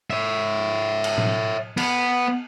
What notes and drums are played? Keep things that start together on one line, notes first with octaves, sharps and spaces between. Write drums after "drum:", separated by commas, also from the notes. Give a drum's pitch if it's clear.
C#5 E5
drum: cymbal
drum: tom A2
B3, drum: cymbal